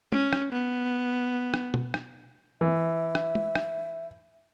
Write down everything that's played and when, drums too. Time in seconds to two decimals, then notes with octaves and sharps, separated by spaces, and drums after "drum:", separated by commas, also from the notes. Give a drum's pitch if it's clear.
0.12 C#4, drum: tom
0.33 drum: rim click
0.52 B3
1.54 drum: rim click
1.74 drum: tom B2
1.94 drum: rim click
2.61 E3 E5
3.15 drum: rim click
3.35 drum: tom
3.55 drum: rim click